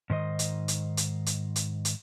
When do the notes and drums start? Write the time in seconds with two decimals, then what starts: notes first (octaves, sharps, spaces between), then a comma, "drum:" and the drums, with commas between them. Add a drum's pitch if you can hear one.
0.10 G#2 D#3 C5 D#5
0.39 drum: hi-hat
0.68 drum: hi-hat
0.97 drum: hi-hat
1.26 drum: hi-hat
1.56 drum: hi-hat
1.85 drum: hi-hat